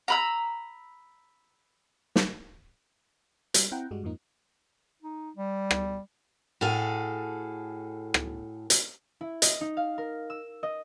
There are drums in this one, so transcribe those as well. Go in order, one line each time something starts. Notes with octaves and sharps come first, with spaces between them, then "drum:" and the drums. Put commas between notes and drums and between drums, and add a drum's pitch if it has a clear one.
A#5 B5 E6
drum: snare
G3, drum: hi-hat
C4 E4 F#5 G5 A#5
G2 G3 G#3 F#4
F2 G#2 F3 A#3 D#4
D#4
G3
drum: rim click
A2 F#4 G#4 A4 F5
drum: rim click
drum: hi-hat
E4
D#5, drum: hi-hat
D#4
F5
A#4
E6
D#5